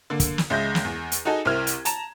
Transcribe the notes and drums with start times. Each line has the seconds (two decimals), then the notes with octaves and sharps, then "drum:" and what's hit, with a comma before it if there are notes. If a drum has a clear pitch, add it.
0.10 D3 A#3
0.20 drum: kick, hi-hat
0.38 drum: snare
0.50 C#2 G#3 E5 G6 A#6
0.75 drum: snare
0.85 E2
1.12 drum: hi-hat
1.25 D#4 F#4 G#4 A4 D#5
1.45 C2 C4 E4 A#4 F6 G#6
1.67 drum: hi-hat
1.85 A5 A#5 E7, drum: hi-hat